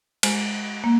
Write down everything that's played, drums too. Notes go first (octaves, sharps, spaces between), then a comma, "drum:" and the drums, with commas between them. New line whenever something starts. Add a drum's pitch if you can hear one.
G#3, drum: cymbal
A#3